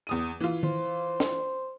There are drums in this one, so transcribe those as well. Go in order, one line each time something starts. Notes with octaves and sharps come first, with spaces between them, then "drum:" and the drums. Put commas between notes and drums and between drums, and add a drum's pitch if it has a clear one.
E2 D#6 D#7
E3 F4
C5, drum: tom
drum: snare